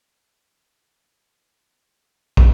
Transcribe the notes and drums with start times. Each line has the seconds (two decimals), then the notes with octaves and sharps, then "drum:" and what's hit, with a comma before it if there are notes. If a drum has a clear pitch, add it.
0.11 A4 A#5
0.81 A3 F4 A4 A#4 G#5 A5
1.32 D#4
1.94 E4 F#4 A4 A#4
2.37 drum: kick